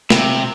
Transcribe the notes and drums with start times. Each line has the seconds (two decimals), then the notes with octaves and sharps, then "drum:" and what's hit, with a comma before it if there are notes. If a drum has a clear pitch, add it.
0.10 C3, drum: snare